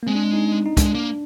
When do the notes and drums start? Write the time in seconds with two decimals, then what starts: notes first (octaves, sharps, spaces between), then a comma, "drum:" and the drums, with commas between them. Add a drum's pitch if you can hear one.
0.03 A#3
0.07 G#3 C4
0.15 D4
0.33 D#4
0.66 D#4
0.77 G#3 D4, drum: kick, hi-hat
0.95 A#3